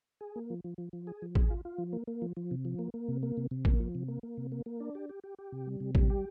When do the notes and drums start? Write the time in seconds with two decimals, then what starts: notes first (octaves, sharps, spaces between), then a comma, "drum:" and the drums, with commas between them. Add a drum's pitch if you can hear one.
0.21 G#4
0.36 A#3
0.50 F3
0.64 F3
0.78 F3
0.93 F3
1.07 G#4
1.22 F3
1.35 G#4, drum: kick
1.50 F4
1.65 F4
1.78 F3
1.93 A#3
2.07 A#3
2.22 F3
2.37 F3
2.51 C3
2.65 F3
2.79 A#3
2.94 A#3
3.08 C3
3.23 A#3
3.37 C3
3.51 C3
3.65 A#3, drum: kick
3.80 F3
3.95 C3
4.08 A#3
4.23 A#3
4.37 C3
4.52 A#3
4.66 A#3
4.80 D4
4.95 G4
5.09 G4
5.24 G4
5.38 G4
5.52 C3
5.67 G3
5.80 C3
5.95 G3, drum: kick
6.10 G4